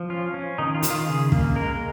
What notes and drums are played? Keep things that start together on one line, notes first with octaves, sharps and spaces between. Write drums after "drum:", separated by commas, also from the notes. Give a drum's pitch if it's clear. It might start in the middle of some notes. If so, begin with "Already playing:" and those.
Already playing: F3
C#4 F4
C#4
D#3 D#4
F4
D#3, drum: hi-hat
F4
C#3 G#4
A#3, drum: kick
G#3 A#4